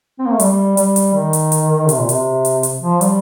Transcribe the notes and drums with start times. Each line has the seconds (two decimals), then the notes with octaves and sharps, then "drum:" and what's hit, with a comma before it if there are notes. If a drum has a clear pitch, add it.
0.19 C4
0.26 A#3
0.33 A3
0.40 G3, drum: hi-hat
0.77 G3, drum: hi-hat
0.96 drum: hi-hat
1.14 D#3
1.33 drum: hi-hat
1.52 drum: hi-hat
1.89 C3, drum: hi-hat
1.99 A#2
2.09 C3, drum: hi-hat
2.45 drum: hi-hat
2.63 drum: hi-hat
2.82 F3
3.01 G3, drum: hi-hat